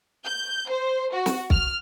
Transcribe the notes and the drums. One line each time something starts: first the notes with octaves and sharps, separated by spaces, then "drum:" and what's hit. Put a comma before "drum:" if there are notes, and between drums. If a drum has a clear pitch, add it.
G6
C5
F#4
drum: snare
F6, drum: kick